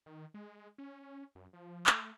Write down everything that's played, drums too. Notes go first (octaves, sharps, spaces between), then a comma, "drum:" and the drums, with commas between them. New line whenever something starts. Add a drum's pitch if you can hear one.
D#3
G#3
C#4
F#2
F3
A3, drum: clap